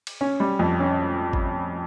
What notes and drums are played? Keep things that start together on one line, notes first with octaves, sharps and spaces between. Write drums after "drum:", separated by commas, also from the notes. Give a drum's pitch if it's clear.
drum: cymbal
C#4
G3
F2
C#4
drum: kick G#1